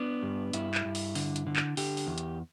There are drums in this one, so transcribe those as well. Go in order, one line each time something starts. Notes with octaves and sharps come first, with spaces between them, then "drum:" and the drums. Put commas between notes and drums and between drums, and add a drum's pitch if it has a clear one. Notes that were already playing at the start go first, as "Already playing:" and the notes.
Already playing: B3 D4
G2
G2 E4, drum: hi-hat
drum: clap
G2
drum: open hi-hat
D3, drum: open hi-hat
drum: hi-hat
D3
drum: clap
D3 G4, drum: open hi-hat
drum: open hi-hat
E2
drum: hi-hat